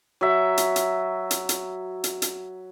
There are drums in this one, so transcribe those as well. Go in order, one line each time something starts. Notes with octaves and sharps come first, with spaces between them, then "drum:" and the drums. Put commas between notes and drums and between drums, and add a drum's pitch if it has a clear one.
F#3 E5
drum: hi-hat
drum: hi-hat
drum: hi-hat
drum: hi-hat
drum: hi-hat
drum: hi-hat